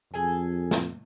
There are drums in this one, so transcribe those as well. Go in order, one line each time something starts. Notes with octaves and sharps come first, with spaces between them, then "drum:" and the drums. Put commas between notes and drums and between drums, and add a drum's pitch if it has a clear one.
F2 G#4 A4 G#5
drum: snare